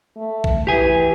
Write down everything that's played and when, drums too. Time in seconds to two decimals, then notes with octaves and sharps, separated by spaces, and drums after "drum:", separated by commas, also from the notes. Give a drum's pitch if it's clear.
0.17 A3
0.44 drum: kick A#1
0.67 E3 G4 G#5